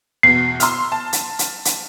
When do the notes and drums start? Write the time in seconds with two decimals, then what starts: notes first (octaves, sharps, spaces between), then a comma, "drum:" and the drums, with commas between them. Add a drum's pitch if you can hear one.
0.23 E2 B2 C7
0.60 C6 E6 F6, drum: hi-hat
0.92 A5
1.13 drum: hi-hat
1.39 drum: hi-hat
1.65 drum: hi-hat